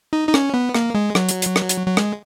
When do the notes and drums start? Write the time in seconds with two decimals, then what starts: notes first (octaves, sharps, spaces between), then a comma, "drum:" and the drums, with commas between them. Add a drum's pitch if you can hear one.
0.13 D#4
0.28 D#4
0.34 C#4, drum: rim click
0.54 B3
0.74 A#3, drum: rim click
0.95 G#3
1.15 F#3, drum: rim click
1.29 drum: hi-hat
1.42 drum: hi-hat
1.56 drum: rim click
1.69 drum: hi-hat
1.87 F#3
1.97 G#3, drum: rim click